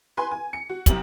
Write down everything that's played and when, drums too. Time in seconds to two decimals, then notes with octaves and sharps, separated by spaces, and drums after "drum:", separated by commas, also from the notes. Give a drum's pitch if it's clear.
0.17 B4 G#5 C6
0.31 G#5
0.53 C#7
0.69 F#4
0.86 C2 F#2 C4 G4 F#7, drum: kick, hi-hat